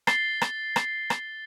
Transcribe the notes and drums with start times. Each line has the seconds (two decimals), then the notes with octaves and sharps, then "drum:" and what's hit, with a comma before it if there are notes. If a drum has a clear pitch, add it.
0.07 A6 C7 G7, drum: rim click
0.41 drum: rim click
0.76 drum: rim click
1.10 drum: rim click